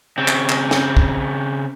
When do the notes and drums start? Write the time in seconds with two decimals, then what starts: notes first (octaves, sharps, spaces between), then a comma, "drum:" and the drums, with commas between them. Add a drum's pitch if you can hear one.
0.18 C#3 C4
0.28 drum: clap
0.49 drum: clap
0.71 drum: snare
0.97 drum: kick